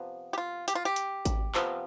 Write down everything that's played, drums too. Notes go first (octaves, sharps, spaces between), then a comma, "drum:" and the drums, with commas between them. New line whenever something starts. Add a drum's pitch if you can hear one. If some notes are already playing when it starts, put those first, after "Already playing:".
Already playing: C3 F3 B3
G4
F4
G4, drum: hi-hat
F4
G4
drum: hi-hat
drum: kick G#1, hi-hat
C3 F3 B3, drum: clap